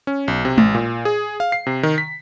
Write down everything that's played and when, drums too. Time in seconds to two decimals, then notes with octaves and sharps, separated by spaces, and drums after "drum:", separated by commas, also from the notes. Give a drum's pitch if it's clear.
0.07 C#4
0.28 B1
0.45 C3
0.58 A1, drum: tom G#3
0.75 A#2
1.05 G#4
1.40 F5
1.52 C7
1.66 C3
1.83 D#3
1.98 B6